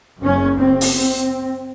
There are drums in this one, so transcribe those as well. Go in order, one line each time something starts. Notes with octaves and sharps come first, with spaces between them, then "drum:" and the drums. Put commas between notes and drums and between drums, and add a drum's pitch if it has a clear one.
F#1 F#2 C#3 C#4
C4
drum: open hi-hat
C4